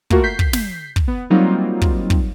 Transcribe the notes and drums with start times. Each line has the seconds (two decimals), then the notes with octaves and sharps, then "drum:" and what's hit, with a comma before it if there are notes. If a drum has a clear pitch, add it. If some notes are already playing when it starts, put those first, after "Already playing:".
0.10 A3 A#3 F4 F#4 A#4, drum: kick
0.23 G6 B6 C7
0.39 drum: kick
0.53 drum: snare
0.96 drum: kick
1.08 B3
1.30 F#3 G3 A#3 C4 D#4 F4
1.81 drum: kick
2.10 drum: kick